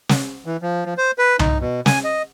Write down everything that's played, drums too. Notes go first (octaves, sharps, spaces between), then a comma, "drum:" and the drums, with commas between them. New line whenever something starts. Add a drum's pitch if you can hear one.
drum: snare
E3
F3
F3
C5
B4
D#4, drum: tom C2
B2
G#5, drum: snare
D#5